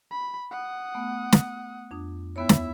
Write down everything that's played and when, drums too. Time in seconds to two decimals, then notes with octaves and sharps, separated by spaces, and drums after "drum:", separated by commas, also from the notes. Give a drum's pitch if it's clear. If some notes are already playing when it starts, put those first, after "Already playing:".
0.11 B5
0.51 F#5 D#6
0.94 A3 B3
1.32 drum: snare
1.91 F2 D4 D#6
2.36 D#2 B3 E4 C#5 E5
2.49 drum: snare